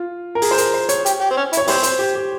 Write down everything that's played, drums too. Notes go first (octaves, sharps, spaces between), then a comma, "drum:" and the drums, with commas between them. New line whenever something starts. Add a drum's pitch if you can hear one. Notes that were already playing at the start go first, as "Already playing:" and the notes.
Already playing: F4
A#4
G#4, drum: open hi-hat
C5
A#4, drum: hi-hat
C5
C#5, drum: hi-hat
G4, drum: hi-hat
G4
C4
C#4
E4, drum: hi-hat
C#5
E3 G3 C4 C5, drum: open hi-hat
C5, drum: hi-hat
G4
G4